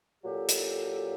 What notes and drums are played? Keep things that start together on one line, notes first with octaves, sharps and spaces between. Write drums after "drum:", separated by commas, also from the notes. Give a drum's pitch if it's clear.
A#2 F#3 G4 A4
drum: hi-hat